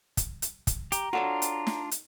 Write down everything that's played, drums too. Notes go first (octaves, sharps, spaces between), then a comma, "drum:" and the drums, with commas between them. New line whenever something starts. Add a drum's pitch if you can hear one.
drum: kick, hi-hat
drum: hi-hat
drum: kick, hi-hat
G4 A#5, drum: hi-hat
D4 F4 F#4 A4 C#5
drum: hi-hat
drum: snare
drum: hi-hat